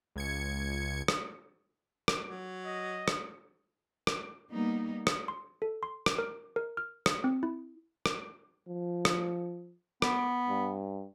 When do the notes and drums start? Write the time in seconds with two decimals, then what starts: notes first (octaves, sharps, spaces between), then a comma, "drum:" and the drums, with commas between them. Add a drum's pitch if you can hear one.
0.16 C#2 G#6 C#7
1.08 drum: rim click
2.08 drum: rim click
2.27 F#3
2.65 D#5
3.08 drum: rim click
4.07 drum: rim click
4.51 G3 A#3 B3 D#4
5.07 drum: rim click
5.28 C6
5.62 A4
5.83 C6
6.06 drum: rim click
6.18 A#4
6.56 A#4
6.77 F6
7.06 drum: rim click
7.24 C4
7.43 E4
8.06 drum: rim click
8.68 F3
9.05 drum: rim click
10.02 B3, drum: rim click
10.48 G2